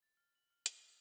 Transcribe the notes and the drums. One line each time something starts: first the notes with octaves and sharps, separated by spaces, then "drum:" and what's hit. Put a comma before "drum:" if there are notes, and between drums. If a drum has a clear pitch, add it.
A6
F6
F#7
F6
D#6, drum: hi-hat
E6